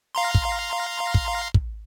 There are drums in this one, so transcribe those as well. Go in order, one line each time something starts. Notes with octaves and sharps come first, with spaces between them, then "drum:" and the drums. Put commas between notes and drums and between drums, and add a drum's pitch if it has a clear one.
F5 A#5 C6
drum: kick
drum: kick
drum: kick